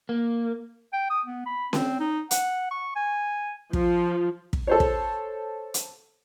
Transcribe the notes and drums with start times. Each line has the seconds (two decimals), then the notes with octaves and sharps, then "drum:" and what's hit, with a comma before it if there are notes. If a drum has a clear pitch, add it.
0.09 A#3
0.93 G5
1.10 D#6
1.26 B3
1.46 B5
1.73 C4, drum: snare C#4
2.00 D#4
2.31 F#5, drum: hi-hat
2.71 C#6
2.96 G#5
3.73 F3, drum: kick
4.53 drum: kick
4.67 A4 C5 C#5
4.80 drum: kick
5.74 drum: hi-hat